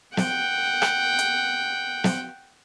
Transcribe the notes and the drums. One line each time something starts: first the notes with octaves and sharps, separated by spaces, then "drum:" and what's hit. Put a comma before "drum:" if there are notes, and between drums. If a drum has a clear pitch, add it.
F#5 G5, drum: snare
drum: rim click
drum: hi-hat
drum: snare